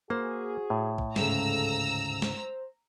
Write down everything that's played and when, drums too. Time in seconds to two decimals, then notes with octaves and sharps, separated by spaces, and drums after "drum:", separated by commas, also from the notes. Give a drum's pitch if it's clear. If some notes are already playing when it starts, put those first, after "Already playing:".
0.10 A#3 F#4 G#4 C5
0.70 A2
0.98 drum: kick
1.16 D2 G#2 C#3 A4 A#5 E6, drum: snare
2.22 C5, drum: snare